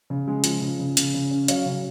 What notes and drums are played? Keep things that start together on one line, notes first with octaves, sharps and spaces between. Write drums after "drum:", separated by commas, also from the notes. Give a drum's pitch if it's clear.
C#3
G#3
F3, drum: hi-hat
C#3
C#3
C#3, drum: hi-hat
C#3
C#4
F#3 C#5 F5, drum: hi-hat
C#3